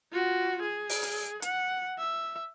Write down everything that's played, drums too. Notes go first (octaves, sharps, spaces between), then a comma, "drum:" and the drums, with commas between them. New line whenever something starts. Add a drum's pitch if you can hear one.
F4 F#4
G#4
drum: open hi-hat
drum: hi-hat
F#5, drum: hi-hat
E5